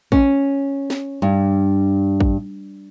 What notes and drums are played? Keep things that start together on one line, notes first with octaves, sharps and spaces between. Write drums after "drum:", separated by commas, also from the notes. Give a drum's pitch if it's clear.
C#4, drum: kick
drum: snare
G2
drum: kick